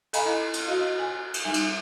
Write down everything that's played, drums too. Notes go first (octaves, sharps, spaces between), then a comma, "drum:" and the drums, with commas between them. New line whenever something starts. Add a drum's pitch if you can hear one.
A4 D#5 F5 G#5 A#5 B5, drum: cymbal
E4
drum: cymbal
F#4 D#5 F5
G#5
drum: cymbal
G3 D#4 E5 G#5
drum: cymbal